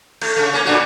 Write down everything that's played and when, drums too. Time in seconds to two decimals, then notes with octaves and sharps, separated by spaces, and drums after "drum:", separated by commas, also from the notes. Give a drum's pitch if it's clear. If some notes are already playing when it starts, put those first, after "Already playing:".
0.22 A3, drum: cymbal
0.37 C#3 A3
0.53 A#3 C#4
0.65 A2 D4 F#4